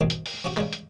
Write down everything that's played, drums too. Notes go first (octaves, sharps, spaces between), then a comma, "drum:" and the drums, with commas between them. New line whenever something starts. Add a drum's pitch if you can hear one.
C2 B2 D#3 F#3 C4
drum: hi-hat
drum: open hi-hat
F3 C#4 F#4 G4
C#3 G3 G#3, drum: clap
drum: hi-hat